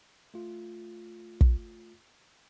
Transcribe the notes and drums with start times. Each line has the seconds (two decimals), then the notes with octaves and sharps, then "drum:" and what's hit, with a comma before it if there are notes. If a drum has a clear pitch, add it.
0.34 A3 F4
1.41 drum: kick